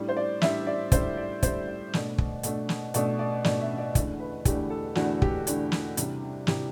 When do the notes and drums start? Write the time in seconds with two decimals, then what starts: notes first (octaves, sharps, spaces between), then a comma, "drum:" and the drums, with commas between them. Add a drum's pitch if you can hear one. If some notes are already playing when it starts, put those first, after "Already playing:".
Already playing: A2 G3 D4
0.09 C5
0.17 D5
0.42 A2 G3 D4 E5, drum: snare
0.67 D5
0.92 A2 G3 D4 C5, drum: kick, hi-hat
1.17 D5
1.43 A2 G3 D4 C5, drum: kick, hi-hat
1.68 D5
1.93 B2 A3 D4, drum: snare
2.18 drum: kick
2.43 B2 A3 D4, drum: hi-hat
2.69 drum: snare
2.94 B2 A3 D4 D5, drum: hi-hat
3.19 D5
3.44 B2 A3 D4 D5, drum: snare
3.61 E5
3.78 D5
3.95 E2 D3 A3 D4, drum: kick, hi-hat
4.20 B4
4.45 E2 D3 A3 D4 G4, drum: kick, hi-hat
4.70 A4
4.95 E2 D3 A3 D4 F#4, drum: snare
5.22 G4, drum: kick
5.47 E2 D3 A3 D4, drum: hi-hat
5.72 drum: snare
5.97 C3 E3 G3 D4, drum: hi-hat
6.47 C3 E3 G3 D4 G4, drum: snare